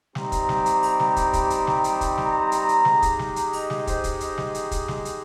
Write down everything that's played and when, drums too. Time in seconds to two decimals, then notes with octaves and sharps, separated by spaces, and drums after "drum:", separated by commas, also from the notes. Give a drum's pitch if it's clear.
0.15 G3 C4 D#4 G4 A#5, drum: snare
0.32 drum: kick, hi-hat
0.49 drum: snare
0.66 drum: hi-hat
0.83 drum: open hi-hat
1.00 drum: snare
1.16 drum: kick, hi-hat
1.33 drum: kick, hi-hat
1.50 drum: hi-hat
1.67 drum: snare
1.84 drum: hi-hat
2.01 drum: kick, hi-hat
2.18 A#5, drum: snare
2.52 drum: hi-hat
2.69 drum: hi-hat
2.85 G#3 D#4 G4, drum: snare
3.02 drum: kick, hi-hat
3.19 drum: snare
3.36 drum: hi-hat
3.53 D#5, drum: open hi-hat
3.70 drum: snare
3.87 C5, drum: kick, hi-hat
4.04 drum: kick, hi-hat
4.20 D#5, drum: hi-hat
4.38 drum: snare
4.54 drum: hi-hat
4.71 drum: kick, hi-hat
4.88 drum: snare
5.05 drum: hi-hat